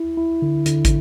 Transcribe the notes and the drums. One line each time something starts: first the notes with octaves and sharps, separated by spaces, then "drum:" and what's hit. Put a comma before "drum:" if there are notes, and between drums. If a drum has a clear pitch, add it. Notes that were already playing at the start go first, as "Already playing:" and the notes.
Already playing: E4
E4
D3
D3, drum: hi-hat
drum: kick, hi-hat